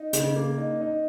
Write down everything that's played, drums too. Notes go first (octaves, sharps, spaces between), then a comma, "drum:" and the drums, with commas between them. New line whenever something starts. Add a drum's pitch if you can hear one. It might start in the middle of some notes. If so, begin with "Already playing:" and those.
Already playing: D#4
C#3, drum: hi-hat
A#3
D#4
D#4